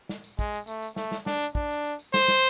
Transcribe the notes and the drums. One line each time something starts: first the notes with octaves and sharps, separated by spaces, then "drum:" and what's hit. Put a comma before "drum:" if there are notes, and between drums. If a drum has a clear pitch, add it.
drum: snare
drum: tambourine
G#3, drum: kick, tambourine
drum: tambourine
A3, drum: tambourine
drum: tambourine
A3, drum: snare
drum: snare
D4, drum: snare
drum: tambourine
D4, drum: kick
drum: tambourine
drum: tambourine
drum: tambourine
C5, drum: snare
drum: snare